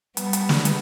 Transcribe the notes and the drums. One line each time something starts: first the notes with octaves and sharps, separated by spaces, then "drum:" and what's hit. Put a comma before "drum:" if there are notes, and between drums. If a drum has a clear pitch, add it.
G3 B3, drum: hi-hat
drum: hi-hat
drum: snare
drum: hi-hat